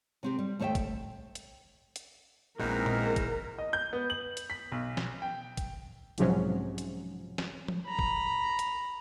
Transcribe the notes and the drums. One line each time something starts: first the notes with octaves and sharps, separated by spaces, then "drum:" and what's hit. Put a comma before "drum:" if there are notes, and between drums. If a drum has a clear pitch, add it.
C3 C4 G4
G3
D#2 A3 C5 C#5 E5 G5
drum: kick, hi-hat
drum: hi-hat
drum: hi-hat
A#1 E2 A#2 G#3 C4 D#4 A#4
drum: tom A#2
drum: kick, hi-hat
D#5
G6
B3
F#7
drum: hi-hat
B6
B1
drum: snare
G5
drum: kick, hi-hat
B1 G#2 C3 F3 F#3 C#4, drum: hi-hat
drum: hi-hat
drum: snare
drum: tom F3
A#5 B5
drum: kick
drum: hi-hat